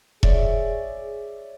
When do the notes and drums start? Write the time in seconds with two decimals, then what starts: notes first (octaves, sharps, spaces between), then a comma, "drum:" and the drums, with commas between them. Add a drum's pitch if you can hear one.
0.23 G#4 C#5 D5 E5, drum: kick E1